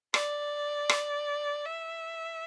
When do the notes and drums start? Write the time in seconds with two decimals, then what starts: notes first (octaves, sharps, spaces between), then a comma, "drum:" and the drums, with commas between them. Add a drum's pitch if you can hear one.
0.14 D5, drum: rim click
0.89 drum: rim click
1.65 E5